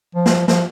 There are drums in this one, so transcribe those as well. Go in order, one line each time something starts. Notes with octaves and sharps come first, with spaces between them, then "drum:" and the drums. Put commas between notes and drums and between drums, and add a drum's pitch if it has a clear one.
F3
drum: snare
F3, drum: snare